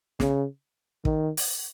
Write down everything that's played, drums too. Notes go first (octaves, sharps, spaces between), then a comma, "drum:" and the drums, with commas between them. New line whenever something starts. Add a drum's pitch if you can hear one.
C#3, drum: snare
D#3, drum: kick
drum: open hi-hat